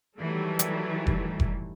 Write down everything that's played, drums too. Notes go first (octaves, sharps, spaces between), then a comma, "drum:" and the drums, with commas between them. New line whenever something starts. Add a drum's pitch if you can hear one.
D#3 E3 F#3 G3 A3
drum: hi-hat
drum: kick F1
drum: kick F1